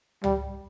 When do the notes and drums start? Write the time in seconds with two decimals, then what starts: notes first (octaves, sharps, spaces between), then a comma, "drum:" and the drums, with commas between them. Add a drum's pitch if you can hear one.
0.24 G3, drum: tom C#2